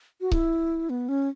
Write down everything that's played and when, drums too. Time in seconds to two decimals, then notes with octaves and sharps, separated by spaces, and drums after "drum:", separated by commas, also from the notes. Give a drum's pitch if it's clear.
0.21 F#4
0.32 E4, drum: kick C#1
0.90 B3
1.09 C#4